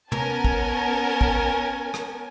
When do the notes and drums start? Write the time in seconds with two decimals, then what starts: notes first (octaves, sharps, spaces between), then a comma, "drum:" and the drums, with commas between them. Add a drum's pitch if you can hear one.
0.12 B3 C#4 A#4 G#5 A5, drum: tom
0.44 drum: kick
1.21 drum: kick
1.94 drum: rim click